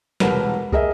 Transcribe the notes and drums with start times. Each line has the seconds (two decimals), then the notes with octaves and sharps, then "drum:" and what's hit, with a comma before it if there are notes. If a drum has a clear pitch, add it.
0.20 E1 C2 A#4 B4, drum: snare
0.72 G#4 A#4 D#5 E5, drum: kick